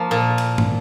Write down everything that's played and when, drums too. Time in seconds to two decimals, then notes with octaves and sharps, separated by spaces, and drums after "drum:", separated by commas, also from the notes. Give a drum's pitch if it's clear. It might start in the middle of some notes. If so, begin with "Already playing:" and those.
Already playing: F3 A#3
0.11 A#2
0.38 drum: cymbal
0.58 drum: tom